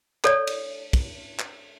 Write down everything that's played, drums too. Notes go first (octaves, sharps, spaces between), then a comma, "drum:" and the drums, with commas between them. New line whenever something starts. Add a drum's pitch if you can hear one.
A4 C#5 D5, drum: clap
drum: cymbal
drum: kick, cymbal
drum: clap